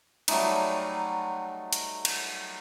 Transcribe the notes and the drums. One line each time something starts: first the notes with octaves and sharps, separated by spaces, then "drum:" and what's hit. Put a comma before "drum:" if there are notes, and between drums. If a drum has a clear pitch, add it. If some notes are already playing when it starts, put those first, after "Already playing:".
F#3 G3 A3 D#4, drum: cymbal
drum: hi-hat
drum: cymbal